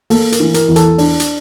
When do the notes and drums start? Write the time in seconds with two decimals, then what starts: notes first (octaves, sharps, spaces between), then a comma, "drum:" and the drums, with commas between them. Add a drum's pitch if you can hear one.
0.10 A#3 A4, drum: open hi-hat
0.32 A#4, drum: hi-hat
0.40 E3
0.54 A#4, drum: hi-hat
0.68 E2
0.76 A4, drum: hi-hat
0.98 D4, drum: open hi-hat
1.20 drum: hi-hat